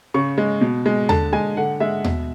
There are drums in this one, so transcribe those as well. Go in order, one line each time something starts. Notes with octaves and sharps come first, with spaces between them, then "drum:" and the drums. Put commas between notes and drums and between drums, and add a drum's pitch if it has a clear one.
C#3 C#6
G#3
B2
G#3
D3 A5, drum: tom D#2
G#3 G#5
D3 F#5
G#3 E5
B2, drum: tom D#2